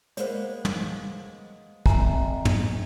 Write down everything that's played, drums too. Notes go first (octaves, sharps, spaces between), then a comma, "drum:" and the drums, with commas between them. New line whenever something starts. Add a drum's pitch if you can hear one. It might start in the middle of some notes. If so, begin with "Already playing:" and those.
G#3 A#3 B3 C5 C#5, drum: hi-hat
drum: tom
F2 E5 G#5 A#5, drum: kick
drum: tom